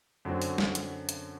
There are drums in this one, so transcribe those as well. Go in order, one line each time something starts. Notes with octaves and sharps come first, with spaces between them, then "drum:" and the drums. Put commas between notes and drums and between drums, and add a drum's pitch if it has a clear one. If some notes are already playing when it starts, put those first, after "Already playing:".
F#2 D3 F#3 C4 F#4
drum: open hi-hat
drum: snare
drum: hi-hat
drum: hi-hat